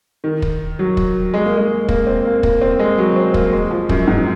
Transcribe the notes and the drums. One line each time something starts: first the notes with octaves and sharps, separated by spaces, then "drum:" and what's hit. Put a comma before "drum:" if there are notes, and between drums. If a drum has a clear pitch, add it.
D#3
drum: kick
F#3
drum: kick
G#3
A#3
G#3
A#3, drum: kick
C4
A#3
A#3, drum: kick
C4
G#3
F#3
C4
A#3, drum: kick
G#3
F3
F#2, drum: kick
G#2